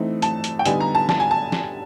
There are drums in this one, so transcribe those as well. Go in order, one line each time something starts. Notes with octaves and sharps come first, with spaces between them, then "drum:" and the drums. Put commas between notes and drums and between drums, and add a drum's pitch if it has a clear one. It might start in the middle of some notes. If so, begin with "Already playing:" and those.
Already playing: E3 A3 C4 D#4
A5, drum: hi-hat
drum: hi-hat
G5
D3 G3 B3 D#4 G#5, drum: hi-hat
A#5
A5
A5, drum: snare
G#5
A5
drum: snare